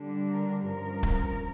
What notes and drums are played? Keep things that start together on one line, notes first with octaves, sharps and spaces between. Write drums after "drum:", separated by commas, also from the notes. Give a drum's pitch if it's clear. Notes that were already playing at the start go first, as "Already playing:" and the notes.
Already playing: D3 G3 D4
A#4
G2 F3 C#4 A#4
drum: kick